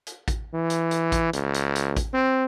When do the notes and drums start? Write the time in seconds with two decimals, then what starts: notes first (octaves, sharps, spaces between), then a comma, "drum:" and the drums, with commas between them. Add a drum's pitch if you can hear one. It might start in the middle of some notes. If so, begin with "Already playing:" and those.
0.07 drum: hi-hat
0.28 drum: kick A1, hi-hat
0.54 E3
0.70 drum: hi-hat
0.91 drum: hi-hat
1.12 drum: kick A1, hi-hat
1.33 C#2, drum: hi-hat
1.54 drum: hi-hat
1.75 drum: hi-hat
1.96 drum: kick A1, hi-hat
2.14 C4